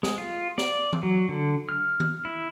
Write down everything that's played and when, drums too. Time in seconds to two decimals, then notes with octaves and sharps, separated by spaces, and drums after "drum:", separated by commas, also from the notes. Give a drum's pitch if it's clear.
0.03 G#3, drum: snare
0.18 F4
0.58 D5, drum: snare
0.93 drum: tom E3
1.03 F#3
1.29 D3
1.69 F6
2.00 drum: tom D#3
2.25 E4